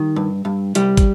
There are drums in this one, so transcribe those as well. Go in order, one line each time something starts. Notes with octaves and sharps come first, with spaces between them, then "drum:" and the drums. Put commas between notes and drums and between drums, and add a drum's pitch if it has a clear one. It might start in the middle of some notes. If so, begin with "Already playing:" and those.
Already playing: D#3 G3
G2
G2
C2 G3, drum: hi-hat
drum: kick, hi-hat